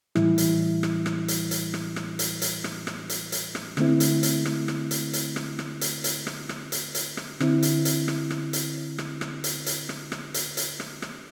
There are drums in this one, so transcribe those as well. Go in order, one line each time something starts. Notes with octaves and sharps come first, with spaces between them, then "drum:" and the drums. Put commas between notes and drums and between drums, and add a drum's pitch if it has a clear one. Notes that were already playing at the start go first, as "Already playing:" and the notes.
A2 E3 G3 E4, drum: rim click
drum: hi-hat
drum: rim click
drum: rim click
drum: hi-hat
drum: hi-hat
drum: rim click
drum: rim click
drum: hi-hat
drum: hi-hat
drum: rim click
drum: rim click
drum: hi-hat
drum: hi-hat
drum: rim click
D3 A3 C4 E4, drum: rim click
drum: hi-hat
drum: hi-hat
drum: rim click
drum: rim click
drum: hi-hat
drum: hi-hat
drum: rim click
drum: rim click
drum: hi-hat
drum: hi-hat
drum: rim click
drum: rim click
drum: hi-hat
drum: hi-hat
drum: rim click
D3 C4 E4, drum: rim click
drum: hi-hat
drum: hi-hat
drum: rim click
drum: rim click
drum: hi-hat
drum: rim click
drum: rim click
drum: hi-hat
drum: hi-hat
drum: rim click
drum: rim click
drum: hi-hat
drum: hi-hat
drum: rim click
drum: rim click